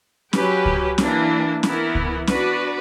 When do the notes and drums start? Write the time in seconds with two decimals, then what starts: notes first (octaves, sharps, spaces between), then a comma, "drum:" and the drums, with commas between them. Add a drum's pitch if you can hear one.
0.33 F#3 C#4 G4 B4, drum: snare
0.66 drum: kick C#2
0.98 E3 A#3 D4, drum: snare
1.63 E3 B3 E4 A#4, drum: snare
1.95 drum: kick C#2
2.27 B3 D4 F#4 B4 D5, drum: snare